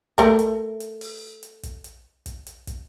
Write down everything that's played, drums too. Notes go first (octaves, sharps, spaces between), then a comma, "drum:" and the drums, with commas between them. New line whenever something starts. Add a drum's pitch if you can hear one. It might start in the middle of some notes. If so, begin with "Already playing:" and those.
A3 A#4, drum: kick, hi-hat
drum: hi-hat
drum: hi-hat
drum: open hi-hat
drum: hi-hat
drum: kick, hi-hat
drum: hi-hat
drum: kick, hi-hat
drum: hi-hat
drum: kick, hi-hat